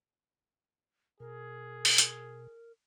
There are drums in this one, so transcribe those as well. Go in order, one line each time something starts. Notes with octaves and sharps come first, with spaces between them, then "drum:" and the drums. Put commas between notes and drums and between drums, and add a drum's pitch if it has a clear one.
B2 G#4 A#4
drum: open hi-hat
drum: hi-hat